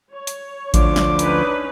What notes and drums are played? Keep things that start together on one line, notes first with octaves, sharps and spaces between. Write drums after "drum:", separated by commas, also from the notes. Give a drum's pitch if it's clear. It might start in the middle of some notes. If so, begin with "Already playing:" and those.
C#5
drum: hi-hat
D2 F3 D4 D6, drum: kick A1, hi-hat
drum: snare
C#4 D#4 B4, drum: hi-hat